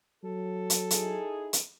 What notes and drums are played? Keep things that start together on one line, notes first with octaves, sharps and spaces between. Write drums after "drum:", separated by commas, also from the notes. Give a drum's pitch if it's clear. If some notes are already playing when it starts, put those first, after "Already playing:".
F#3 A4
drum: hi-hat
D#4 E4 G#4, drum: hi-hat
drum: hi-hat